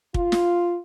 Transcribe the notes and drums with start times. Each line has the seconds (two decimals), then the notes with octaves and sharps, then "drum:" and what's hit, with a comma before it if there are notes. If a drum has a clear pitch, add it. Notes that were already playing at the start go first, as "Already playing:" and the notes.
0.14 F4, drum: kick
0.32 drum: snare